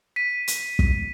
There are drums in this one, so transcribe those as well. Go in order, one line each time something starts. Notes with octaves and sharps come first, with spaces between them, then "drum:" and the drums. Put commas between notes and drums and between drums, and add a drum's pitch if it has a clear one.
B6 D#7
drum: hi-hat
drum: kick